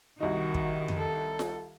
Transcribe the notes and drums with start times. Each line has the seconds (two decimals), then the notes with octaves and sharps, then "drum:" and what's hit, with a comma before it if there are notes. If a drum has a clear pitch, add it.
0.21 C2 D#3 D#4 F#4
0.54 drum: kick
0.88 drum: tom F2
0.97 A4
1.39 drum: snare F4